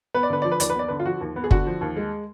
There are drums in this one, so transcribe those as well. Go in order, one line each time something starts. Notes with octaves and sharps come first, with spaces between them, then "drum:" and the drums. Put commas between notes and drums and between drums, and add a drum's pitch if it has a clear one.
B3 B4
D5
D3 B4
F3 D5
B4
D#2 D5, drum: hi-hat
B4
B3 D5
D3 B4
F4
F3 F#4
D#2
B3
G#4
D3 F#4, drum: kick
F3
D#2
G#3